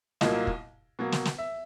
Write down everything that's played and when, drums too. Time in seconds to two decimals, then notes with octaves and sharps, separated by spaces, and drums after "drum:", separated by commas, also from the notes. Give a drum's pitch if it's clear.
0.21 C2 A#2 F#3 A#3 D#5, drum: snare
0.47 drum: kick
0.99 B2 F#3 A#3
1.12 drum: snare
1.25 drum: snare
1.38 E5